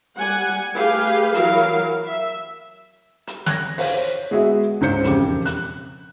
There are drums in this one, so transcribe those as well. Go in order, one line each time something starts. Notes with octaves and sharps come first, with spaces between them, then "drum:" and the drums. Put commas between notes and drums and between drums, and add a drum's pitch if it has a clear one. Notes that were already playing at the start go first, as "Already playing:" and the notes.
G3 F#5 G#5
A3 G4 G#4 B4 F5
E3 F#3 A#4 F5, drum: hi-hat
E5
drum: hi-hat
F#6 G#6 A#6, drum: snare
C5 C#5 F5, drum: open hi-hat
G#3 B3 F#4 G#4 E5
C#2 G#2 C#4 C5 G6 C#7
E1 F2 C#3 G4, drum: hi-hat
F#6, drum: hi-hat